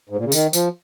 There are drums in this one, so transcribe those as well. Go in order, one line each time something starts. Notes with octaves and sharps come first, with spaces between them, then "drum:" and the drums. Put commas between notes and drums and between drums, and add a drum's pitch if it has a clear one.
G#2
A#2
C#3
D#3, drum: tambourine
F3, drum: tambourine